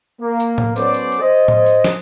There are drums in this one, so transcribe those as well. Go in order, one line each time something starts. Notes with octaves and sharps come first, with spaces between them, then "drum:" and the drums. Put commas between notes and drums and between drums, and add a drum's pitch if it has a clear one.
A#3
drum: tambourine
drum: tom A2
F#3 B3 C#4 A4 C5 D5, drum: tambourine
drum: tambourine
drum: tambourine
C5 D#5
drum: tom A2
drum: tambourine
drum: snare